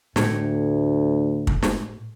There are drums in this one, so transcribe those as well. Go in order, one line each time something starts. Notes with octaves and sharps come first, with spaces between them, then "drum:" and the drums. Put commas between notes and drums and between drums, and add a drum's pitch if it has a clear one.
D2 A2, drum: snare
drum: kick
drum: snare